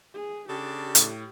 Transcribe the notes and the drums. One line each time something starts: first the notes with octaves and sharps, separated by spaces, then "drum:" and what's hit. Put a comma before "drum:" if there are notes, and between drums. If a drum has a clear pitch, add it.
G#4
C#3 D4 G4 A4
A2, drum: hi-hat